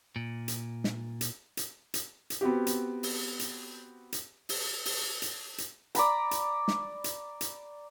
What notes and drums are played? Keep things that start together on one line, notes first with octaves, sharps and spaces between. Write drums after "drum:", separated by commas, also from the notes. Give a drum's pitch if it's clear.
A#2
drum: hi-hat
drum: snare
drum: hi-hat
drum: hi-hat
drum: hi-hat
drum: hi-hat
B3 C4 F#4 G4
drum: hi-hat
drum: open hi-hat
drum: hi-hat
drum: hi-hat
drum: open hi-hat
drum: open hi-hat
drum: hi-hat
drum: hi-hat
D5 A#5 B5, drum: hi-hat
drum: hi-hat
drum: snare
drum: hi-hat
drum: hi-hat